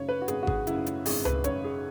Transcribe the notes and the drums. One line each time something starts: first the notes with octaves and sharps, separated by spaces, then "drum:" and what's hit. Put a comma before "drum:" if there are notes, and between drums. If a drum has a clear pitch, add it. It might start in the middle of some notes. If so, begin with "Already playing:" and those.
Already playing: F#2 C#3 C#5
B4
F#4
G#1 G#4, drum: hi-hat
F#4
G#4, drum: kick G#1
F#2 C#3 E4, drum: hi-hat
drum: hi-hat
G#1 G#4, drum: open hi-hat
B4, drum: tom C#2
F#2 C#3 C#5, drum: hi-hat
G#4